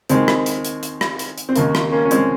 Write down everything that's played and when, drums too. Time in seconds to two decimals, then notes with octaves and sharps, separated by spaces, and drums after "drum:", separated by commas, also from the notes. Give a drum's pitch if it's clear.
0.09 D#2 D#3 G#3 C4, drum: hi-hat
0.28 drum: rim click
0.46 drum: hi-hat
0.65 drum: hi-hat
0.83 drum: hi-hat
1.01 drum: rim click
1.19 drum: hi-hat
1.38 drum: hi-hat
1.49 C4
1.56 D#2 C#3 A#3, drum: hi-hat
1.75 A#3, drum: rim click
1.92 A#3 C#4
2.05 C#4
2.11 G#3 C4, drum: hi-hat